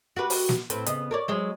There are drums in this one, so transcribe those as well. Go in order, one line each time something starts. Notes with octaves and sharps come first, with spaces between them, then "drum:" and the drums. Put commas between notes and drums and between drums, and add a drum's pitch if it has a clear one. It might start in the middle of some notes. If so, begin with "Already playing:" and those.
F#4 G4 B4
drum: open hi-hat
drum: snare
A2 C4 B4, drum: hi-hat
C#3 B3 D#5, drum: hi-hat
A#4 C#5 D5
F#3 G#3 C5